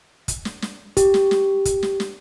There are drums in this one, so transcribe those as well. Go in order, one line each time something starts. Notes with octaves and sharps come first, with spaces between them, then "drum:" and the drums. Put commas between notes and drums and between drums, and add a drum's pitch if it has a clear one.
drum: kick, hi-hat
drum: snare
drum: snare
G4, drum: kick, hi-hat
drum: snare
drum: snare
drum: kick, hi-hat
drum: snare
drum: snare